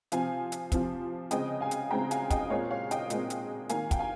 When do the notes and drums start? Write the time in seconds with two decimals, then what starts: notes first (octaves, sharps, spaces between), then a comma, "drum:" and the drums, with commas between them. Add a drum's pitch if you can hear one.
0.12 C3 F3 C4 F5 G#5, drum: hi-hat
0.52 drum: hi-hat
0.72 C3 F3 C4, drum: kick, hi-hat
1.31 C#3 G#3 C4 D#5 G5, drum: hi-hat
1.61 F5 G#5
1.71 drum: hi-hat
1.91 C#3 G#3 C4 G5 A#5
2.11 F5 G#5, drum: hi-hat
2.30 D#5 G5, drum: kick, hi-hat
2.50 A#2 G#3 C4 C#5 F5
2.70 C#5 F5
2.91 D#5 G5, drum: hi-hat
3.10 A#2 G#3 C4, drum: hi-hat
3.30 drum: hi-hat
3.69 D#3 A#3 F5 G#5, drum: hi-hat
3.91 G5, drum: kick, hi-hat
3.99 F5 G#5